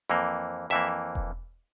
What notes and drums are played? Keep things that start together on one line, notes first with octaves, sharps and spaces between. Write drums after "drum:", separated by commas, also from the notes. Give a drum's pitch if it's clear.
F2 E3 A#3
F2 E3 A#3 E5
drum: kick E1